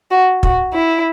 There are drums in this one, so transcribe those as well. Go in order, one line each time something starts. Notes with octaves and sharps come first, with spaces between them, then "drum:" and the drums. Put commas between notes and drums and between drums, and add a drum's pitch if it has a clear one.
F#4
F#4, drum: kick
E4